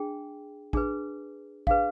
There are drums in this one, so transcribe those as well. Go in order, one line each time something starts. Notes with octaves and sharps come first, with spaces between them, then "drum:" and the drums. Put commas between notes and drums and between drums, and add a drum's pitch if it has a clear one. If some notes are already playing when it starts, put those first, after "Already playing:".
Already playing: D4 G#4 G5
D4 G#4 B4, drum: kick
D4 G#4 B4 F5, drum: kick